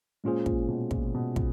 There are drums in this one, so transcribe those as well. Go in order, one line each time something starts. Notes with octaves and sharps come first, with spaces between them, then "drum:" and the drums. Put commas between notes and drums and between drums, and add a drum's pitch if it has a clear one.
A#2 G#3 C#4 F4 G#4 C5
A#2, drum: kick
B2
A#2, drum: kick
B2
drum: kick